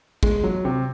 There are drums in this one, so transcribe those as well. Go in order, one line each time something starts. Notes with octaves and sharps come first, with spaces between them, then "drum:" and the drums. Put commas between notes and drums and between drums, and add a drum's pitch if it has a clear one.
G#3, drum: kick
F#3
C3